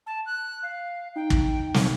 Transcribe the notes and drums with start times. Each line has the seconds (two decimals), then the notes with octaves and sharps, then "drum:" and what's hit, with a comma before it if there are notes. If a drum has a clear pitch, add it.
0.07 A5
0.26 F#6
0.63 F5
1.16 D#4 G5
1.30 drum: kick
1.74 drum: snare